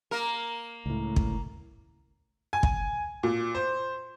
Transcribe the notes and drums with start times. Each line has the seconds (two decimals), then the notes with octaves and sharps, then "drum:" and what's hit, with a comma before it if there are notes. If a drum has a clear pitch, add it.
0.11 A#3 A#4
0.86 C#2 A2
1.16 drum: kick
2.53 G#5
2.63 drum: kick
3.23 A#2
3.55 C5